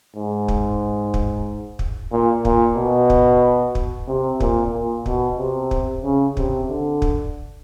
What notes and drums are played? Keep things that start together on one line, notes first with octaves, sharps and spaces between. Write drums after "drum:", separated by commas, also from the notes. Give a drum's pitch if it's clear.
G#2
drum: kick
drum: kick
drum: kick
A#2
A#2, drum: kick
B2
drum: kick
drum: kick
C3
A#2, drum: kick
A#2
B2, drum: kick
C3
drum: kick
C#3
C3, drum: kick
D3
drum: kick